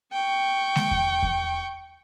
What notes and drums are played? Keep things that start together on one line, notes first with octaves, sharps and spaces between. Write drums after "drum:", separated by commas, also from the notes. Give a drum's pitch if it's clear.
G5 C#6
drum: snare G#3
drum: kick E2
drum: kick E2